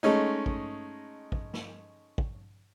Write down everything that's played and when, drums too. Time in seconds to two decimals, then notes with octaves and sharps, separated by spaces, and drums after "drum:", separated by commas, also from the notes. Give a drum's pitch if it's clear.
0.03 G#3 A3 C#4 D#4
0.46 drum: kick
1.32 drum: kick
1.54 drum: snare
2.18 drum: kick